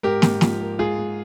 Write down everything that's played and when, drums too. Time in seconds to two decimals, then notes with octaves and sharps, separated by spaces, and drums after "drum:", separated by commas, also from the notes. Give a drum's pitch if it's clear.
0.03 G#2 G4 A#4
0.22 G#2, drum: snare
0.41 F3, drum: snare
0.61 A#3
0.79 G#2 F4 G#4
0.98 G#2